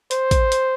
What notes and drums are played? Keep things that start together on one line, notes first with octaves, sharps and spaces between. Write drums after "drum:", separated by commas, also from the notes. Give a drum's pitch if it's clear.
C5, drum: hi-hat
drum: kick, hi-hat
drum: hi-hat